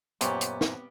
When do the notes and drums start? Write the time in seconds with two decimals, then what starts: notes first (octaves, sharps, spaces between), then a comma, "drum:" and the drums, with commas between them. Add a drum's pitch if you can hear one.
0.21 F#2 A#2 B3 G4 C5 C#5, drum: hi-hat
0.41 drum: hi-hat
0.61 drum: snare